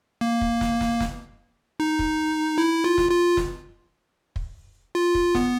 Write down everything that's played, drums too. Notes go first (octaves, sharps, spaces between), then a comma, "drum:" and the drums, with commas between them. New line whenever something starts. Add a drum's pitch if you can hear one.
A#3
drum: kick
drum: snare
drum: snare
drum: snare
D#4
drum: kick
E4
F4
drum: snare
F4
drum: snare
drum: kick
F4
drum: kick
B3, drum: snare